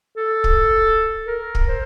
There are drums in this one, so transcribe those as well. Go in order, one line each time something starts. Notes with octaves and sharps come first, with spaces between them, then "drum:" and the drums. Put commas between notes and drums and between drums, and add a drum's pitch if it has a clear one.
A4
drum: kick
A#4
drum: kick
C5